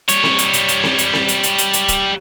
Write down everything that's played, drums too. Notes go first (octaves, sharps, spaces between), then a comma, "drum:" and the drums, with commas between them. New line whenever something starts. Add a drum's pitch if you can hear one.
G3 C#5, drum: hi-hat
drum: snare C4
drum: hi-hat
drum: hi-hat
drum: hi-hat
drum: snare C4
drum: hi-hat
drum: snare C4
drum: hi-hat
drum: hi-hat
drum: hi-hat
drum: hi-hat
drum: kick, hi-hat